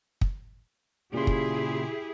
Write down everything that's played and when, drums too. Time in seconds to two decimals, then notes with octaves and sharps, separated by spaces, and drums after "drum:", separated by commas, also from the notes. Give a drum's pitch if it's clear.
0.21 drum: kick
1.14 A#2 C#3 E4 G4 G#4 C6
1.27 drum: kick